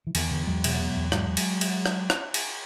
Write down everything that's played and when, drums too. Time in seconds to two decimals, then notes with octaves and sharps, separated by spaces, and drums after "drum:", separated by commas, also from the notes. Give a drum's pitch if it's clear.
0.07 E3
0.15 E2 D#3, drum: cymbal
0.31 E2 D3 E3
0.47 E2 F#3 G#3
0.64 B2, drum: cymbal
0.80 B2
0.96 E2
1.12 G#2 F#3 G#3, drum: rim click
1.37 drum: cymbal
1.61 drum: cymbal
1.86 drum: rim click
2.10 drum: rim click
2.34 drum: cymbal